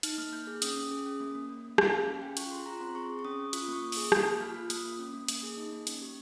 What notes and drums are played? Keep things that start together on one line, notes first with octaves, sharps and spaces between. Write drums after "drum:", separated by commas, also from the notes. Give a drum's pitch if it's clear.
D#4 F6, drum: hi-hat
A#3 F6
A#3 G6
G#4
C#4 D#6, drum: hi-hat
C#4
G#4
C#4
A#3
A#3
A#3
A#3
G#4 G#5, drum: rim click
C#4 F5
C#4
C#4 G5
F4 C#6, drum: hi-hat
G#4 C6
F4 A#5
C4 C6
G#4 C#6
G#4
C#6
C#4 D#6
C#4
F4 D#6, drum: hi-hat
A#3 C#6
A#3
G#4 D#6, drum: open hi-hat
A#3 G6, drum: rim click
A#3
F4 F6
F4
A#3 D#6, drum: hi-hat
A#3
C#4
A#3
A#3, drum: hi-hat
G#4
D#4
A#3
C#4, drum: hi-hat
G4